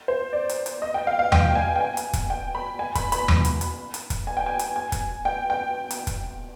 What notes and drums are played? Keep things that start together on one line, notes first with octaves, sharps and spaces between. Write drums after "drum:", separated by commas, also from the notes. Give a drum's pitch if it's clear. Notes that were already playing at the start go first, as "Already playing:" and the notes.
C5
D5
drum: hi-hat
drum: hi-hat
D#5
G5
F5
F5
G5, drum: tom E2
G#5
G5
G#5
drum: hi-hat
drum: kick, hi-hat
G5
B5
G#5
B5, drum: kick, hi-hat
B5, drum: hi-hat
drum: tom E2
drum: hi-hat
drum: hi-hat
drum: hi-hat
drum: kick, hi-hat
G#5
G5
G#5
drum: hi-hat
G#5
drum: kick, hi-hat
G5
G5
drum: hi-hat
drum: kick, hi-hat